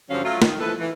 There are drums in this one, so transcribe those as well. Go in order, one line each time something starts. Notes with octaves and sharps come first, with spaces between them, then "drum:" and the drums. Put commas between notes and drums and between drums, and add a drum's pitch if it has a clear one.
G2 D3 F3 F#3 C#4 F5
F#3 A3 F4
D#3, drum: snare
E3 F3 E4 A4 B4
E3